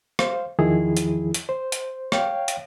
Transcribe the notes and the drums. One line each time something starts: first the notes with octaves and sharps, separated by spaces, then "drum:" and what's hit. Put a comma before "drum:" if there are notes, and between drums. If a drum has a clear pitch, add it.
C5 F5, drum: rim click
E2 D#3 F3 E4 G#4
drum: hi-hat
drum: hi-hat
C5
drum: hi-hat
C#5 F5 G5, drum: rim click
drum: hi-hat